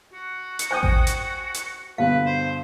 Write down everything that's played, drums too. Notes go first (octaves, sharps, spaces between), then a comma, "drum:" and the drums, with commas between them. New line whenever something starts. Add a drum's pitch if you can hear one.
F#4
drum: hi-hat
C5 G5 G#5 D#6 G6 D#7
drum: kick A1
drum: hi-hat
drum: hi-hat
G2 B2 D3 B4 F5
C5